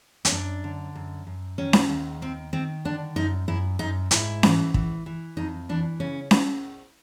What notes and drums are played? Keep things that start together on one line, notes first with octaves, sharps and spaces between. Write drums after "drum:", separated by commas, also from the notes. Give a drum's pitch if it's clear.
C#4, drum: hi-hat
F#2 D4
D3
F#2
F#2
D#3 C#4
drum: snare C#4
D#2
D#3 C4
D#3 C4
D3 D4
F#2 D#4
F#2 E4
F#2 D#4
G#2 E4, drum: hi-hat
E3, drum: snare C#4
E3, drum: kick
E3
F2 D#4
E3 D4
C#3 C#4
drum: snare C#4